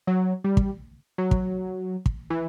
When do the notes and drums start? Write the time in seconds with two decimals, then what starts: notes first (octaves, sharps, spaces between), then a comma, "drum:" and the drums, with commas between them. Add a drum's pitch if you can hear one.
0.07 F#3
0.44 G3
0.57 drum: kick
1.18 F#3
1.31 drum: kick
2.06 drum: kick
2.30 E3